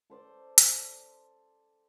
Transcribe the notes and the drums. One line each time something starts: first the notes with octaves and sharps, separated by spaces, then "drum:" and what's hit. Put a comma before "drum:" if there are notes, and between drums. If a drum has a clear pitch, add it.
A4 C5 D5 G5
drum: hi-hat